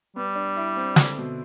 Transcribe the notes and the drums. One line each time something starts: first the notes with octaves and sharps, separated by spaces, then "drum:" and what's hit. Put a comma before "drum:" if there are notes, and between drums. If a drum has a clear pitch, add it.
G3 B3
D4
E4
C4
D3, drum: snare
B2